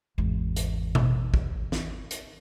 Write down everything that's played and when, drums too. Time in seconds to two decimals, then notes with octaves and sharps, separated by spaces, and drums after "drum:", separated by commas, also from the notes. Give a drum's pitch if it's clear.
0.18 G#1 E2
0.56 drum: hi-hat
0.95 drum: tom B2
1.34 drum: kick
1.72 drum: snare
2.11 drum: hi-hat